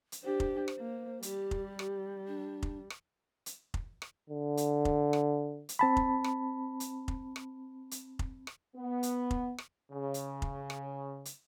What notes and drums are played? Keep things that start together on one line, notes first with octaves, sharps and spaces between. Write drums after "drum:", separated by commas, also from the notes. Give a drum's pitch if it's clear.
drum: hi-hat
D4 G4 C5
drum: kick F1
drum: rim click
A#3
G3 G4, drum: hi-hat
drum: kick F1
drum: rim click
D4
drum: kick F1
drum: rim click
drum: hi-hat
drum: kick F1
drum: rim click
D3
drum: hi-hat
drum: kick F1
drum: rim click
drum: hi-hat
C4 A5 B5
drum: kick F1
drum: rim click
drum: hi-hat
drum: kick F1
drum: rim click
drum: hi-hat
drum: kick F1
drum: rim click
B3
drum: hi-hat
drum: kick F1
drum: rim click
C#3
drum: hi-hat
drum: kick F1
drum: rim click
drum: hi-hat